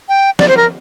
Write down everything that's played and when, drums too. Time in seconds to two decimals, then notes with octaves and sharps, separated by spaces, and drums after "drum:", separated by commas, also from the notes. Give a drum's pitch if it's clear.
0.09 G5
0.39 D5, drum: snare
0.48 C5
0.57 A#4